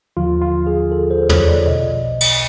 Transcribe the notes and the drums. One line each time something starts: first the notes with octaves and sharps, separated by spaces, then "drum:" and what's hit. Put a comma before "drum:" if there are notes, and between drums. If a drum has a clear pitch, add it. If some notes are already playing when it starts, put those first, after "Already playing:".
D#2 D3 F3 F4
F4
G#4
A4
C5
C#5, drum: tom
D5
B1 B2 D#5
drum: cymbal